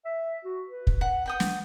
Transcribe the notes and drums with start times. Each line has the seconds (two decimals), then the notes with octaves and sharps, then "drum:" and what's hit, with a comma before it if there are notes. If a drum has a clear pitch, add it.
0.05 E5
0.45 F#4
0.69 B4
0.87 drum: kick
1.01 F#5
1.26 F#5 G5 D#6
1.40 drum: snare